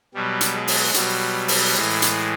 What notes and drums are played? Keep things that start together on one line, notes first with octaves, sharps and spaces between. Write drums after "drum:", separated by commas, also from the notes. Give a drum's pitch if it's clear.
B2 F#3 G3
drum: hi-hat
G#3
drum: open hi-hat
B2 F#3 G3, drum: hi-hat
drum: open hi-hat
A2 E3 G#3
drum: hi-hat